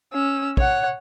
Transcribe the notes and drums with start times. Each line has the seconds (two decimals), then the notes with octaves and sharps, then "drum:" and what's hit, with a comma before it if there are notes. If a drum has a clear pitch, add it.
0.13 C#4 E6
0.57 C#5 F#5, drum: kick